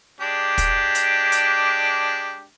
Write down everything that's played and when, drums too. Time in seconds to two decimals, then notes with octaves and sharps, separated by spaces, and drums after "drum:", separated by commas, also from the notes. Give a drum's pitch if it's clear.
0.21 G#3 D4 G4
0.58 drum: kick, hi-hat
0.95 drum: hi-hat
1.32 drum: hi-hat